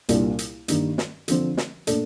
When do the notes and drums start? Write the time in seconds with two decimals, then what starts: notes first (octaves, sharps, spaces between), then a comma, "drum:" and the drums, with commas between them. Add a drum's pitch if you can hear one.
0.09 C2 A#2 G3 D4 F4, drum: hi-hat
0.39 drum: hi-hat
0.68 G2 D#3 G3 A#3, drum: hi-hat
0.98 drum: snare
1.28 D3 F3 C4, drum: hi-hat
1.57 drum: snare
1.87 A#2 A3 D4 A4, drum: hi-hat